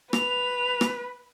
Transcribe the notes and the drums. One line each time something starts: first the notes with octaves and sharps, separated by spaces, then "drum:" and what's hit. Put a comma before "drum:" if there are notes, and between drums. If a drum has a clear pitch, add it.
B4 F7, drum: rim click
drum: rim click